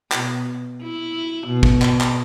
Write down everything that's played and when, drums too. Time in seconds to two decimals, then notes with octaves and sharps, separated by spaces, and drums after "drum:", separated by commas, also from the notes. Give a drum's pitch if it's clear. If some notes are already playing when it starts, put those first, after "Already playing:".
0.12 B2, drum: clap
0.82 E4
1.47 B2
1.63 drum: kick
1.82 drum: clap
2.01 drum: clap